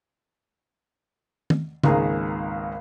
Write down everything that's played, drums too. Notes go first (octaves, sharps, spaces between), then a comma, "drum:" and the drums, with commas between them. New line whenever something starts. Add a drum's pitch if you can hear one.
drum: tom D#3
G#1 C#2 D#3 A#3 G#4 A#5, drum: tom C#3